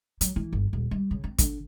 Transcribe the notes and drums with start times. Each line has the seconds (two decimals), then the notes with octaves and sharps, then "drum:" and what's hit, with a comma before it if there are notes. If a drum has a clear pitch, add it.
0.21 F#3, drum: hi-hat
0.36 E3
0.53 G1
0.73 D#1
0.91 G3
1.11 C#3
1.24 C4
1.38 D3, drum: kick, hi-hat